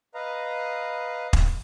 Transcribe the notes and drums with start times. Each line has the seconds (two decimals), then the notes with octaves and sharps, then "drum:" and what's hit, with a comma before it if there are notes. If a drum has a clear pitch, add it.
0.14 B4 D#5 F5 A#5
1.33 drum: kick